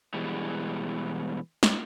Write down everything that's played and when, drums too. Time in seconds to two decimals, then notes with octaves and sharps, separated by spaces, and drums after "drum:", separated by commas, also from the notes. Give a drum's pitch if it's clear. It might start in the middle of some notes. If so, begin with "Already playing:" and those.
0.14 B2 E3 G3 G#3
1.63 drum: snare